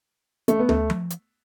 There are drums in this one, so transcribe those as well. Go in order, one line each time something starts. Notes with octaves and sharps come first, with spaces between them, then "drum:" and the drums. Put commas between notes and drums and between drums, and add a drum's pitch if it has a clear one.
A3, drum: hi-hat
B3
A3, drum: tom
drum: tom F3
drum: hi-hat